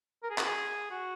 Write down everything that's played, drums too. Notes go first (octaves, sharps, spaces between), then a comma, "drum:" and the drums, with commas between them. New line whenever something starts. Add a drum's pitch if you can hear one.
A#4
G#4
F#4, drum: clap
G#4
F#4